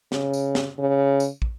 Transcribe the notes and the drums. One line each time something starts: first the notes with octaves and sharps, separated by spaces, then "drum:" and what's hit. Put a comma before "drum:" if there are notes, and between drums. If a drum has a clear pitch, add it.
C#3, drum: snare
drum: tambourine
drum: snare
C#3
drum: tambourine
drum: kick